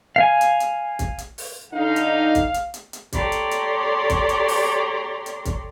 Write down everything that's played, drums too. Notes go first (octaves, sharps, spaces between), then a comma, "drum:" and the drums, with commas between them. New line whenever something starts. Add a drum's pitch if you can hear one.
F5 G#5
drum: hi-hat
drum: hi-hat
drum: kick, hi-hat
drum: hi-hat
drum: open hi-hat
D3 D#4 F5
drum: hi-hat
drum: kick, hi-hat
drum: hi-hat
drum: hi-hat
drum: hi-hat
G4 A4 C#5 D5 A#5 C6, drum: kick, hi-hat
drum: hi-hat
drum: hi-hat
drum: kick, hi-hat
drum: hi-hat
drum: open hi-hat
drum: hi-hat
drum: kick, hi-hat